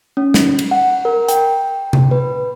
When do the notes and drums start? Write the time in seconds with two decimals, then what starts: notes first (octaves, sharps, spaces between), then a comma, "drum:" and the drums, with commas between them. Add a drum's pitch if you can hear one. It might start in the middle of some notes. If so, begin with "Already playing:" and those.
0.17 C#4
0.34 drum: snare
0.59 drum: cymbal
0.71 F#5
1.05 A#4
1.28 G5, drum: hi-hat
1.93 drum: tom C3
2.11 B4